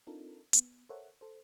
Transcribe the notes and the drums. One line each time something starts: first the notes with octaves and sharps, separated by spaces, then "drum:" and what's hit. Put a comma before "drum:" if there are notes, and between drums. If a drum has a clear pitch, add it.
C4 D4 D#4 F4 A4 A#4
B3, drum: hi-hat
A4 A#4 C5 C#5 E5 F#5
A4 C5